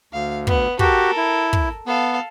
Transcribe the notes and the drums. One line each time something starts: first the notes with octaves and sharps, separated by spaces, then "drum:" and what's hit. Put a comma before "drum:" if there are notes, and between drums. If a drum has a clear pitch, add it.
D2 F5
B3, drum: kick
F#4 G4 A4 A#4, drum: kick
E4
drum: kick
B3 A4 F5